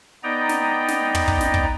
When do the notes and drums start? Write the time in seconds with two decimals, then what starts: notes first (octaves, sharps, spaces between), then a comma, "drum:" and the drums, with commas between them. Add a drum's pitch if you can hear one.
0.23 B3 D#4 D5 D#5 G5 A#5
0.49 drum: snare
0.88 drum: snare
1.15 drum: tom
1.28 drum: kick
1.41 drum: snare
1.54 drum: kick